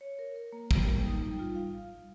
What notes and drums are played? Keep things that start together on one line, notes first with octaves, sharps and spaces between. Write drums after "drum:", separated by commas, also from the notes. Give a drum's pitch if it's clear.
C#5
A#4
A#4
A#3
G3, drum: kick
G3
D#4
G3
F4
F5